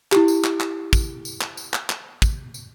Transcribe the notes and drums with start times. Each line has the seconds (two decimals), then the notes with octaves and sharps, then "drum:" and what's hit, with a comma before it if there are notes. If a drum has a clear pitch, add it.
0.12 E4 G4, drum: clap
0.28 drum: tambourine
0.44 drum: clap
0.60 drum: clap
0.93 drum: kick, tambourine
1.25 drum: tambourine
1.41 drum: clap
1.57 drum: tambourine
1.74 drum: clap
1.90 drum: clap
2.22 drum: kick, tambourine
2.54 drum: tambourine